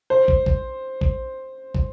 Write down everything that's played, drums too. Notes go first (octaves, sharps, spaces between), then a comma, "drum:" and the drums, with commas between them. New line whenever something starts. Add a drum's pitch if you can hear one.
C5
drum: kick
drum: kick
drum: kick
drum: kick